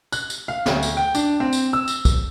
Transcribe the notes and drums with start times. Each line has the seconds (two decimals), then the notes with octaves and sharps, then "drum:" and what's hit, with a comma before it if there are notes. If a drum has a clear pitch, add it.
0.12 F#6, drum: tambourine
0.30 drum: tambourine
0.48 F5
0.66 D2, drum: snare
0.83 drum: tambourine
0.97 G5
1.15 D4, drum: tambourine
1.40 C4
1.53 drum: tambourine
1.73 E6
1.88 drum: tambourine
2.05 drum: kick, tambourine